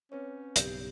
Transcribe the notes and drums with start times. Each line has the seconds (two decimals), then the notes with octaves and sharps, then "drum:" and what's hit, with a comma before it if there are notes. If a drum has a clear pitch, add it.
0.12 C4 C#4 B4 C#5
0.56 B1 G2 C#3 G4, drum: hi-hat